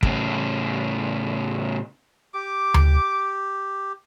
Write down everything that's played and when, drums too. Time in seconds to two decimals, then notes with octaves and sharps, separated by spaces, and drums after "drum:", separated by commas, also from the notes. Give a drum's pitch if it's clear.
0.03 A2 C#3, drum: kick
2.34 G4 D6
2.74 drum: tom D2